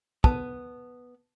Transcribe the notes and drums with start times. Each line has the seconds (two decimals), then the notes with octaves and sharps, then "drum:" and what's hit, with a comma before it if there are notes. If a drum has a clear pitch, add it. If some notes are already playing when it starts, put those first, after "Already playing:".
0.24 B3 A5, drum: kick